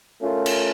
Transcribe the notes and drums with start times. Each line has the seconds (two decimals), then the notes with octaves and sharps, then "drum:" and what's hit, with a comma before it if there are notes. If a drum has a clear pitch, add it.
0.20 A3 C#4 F4 A#4
0.46 drum: cymbal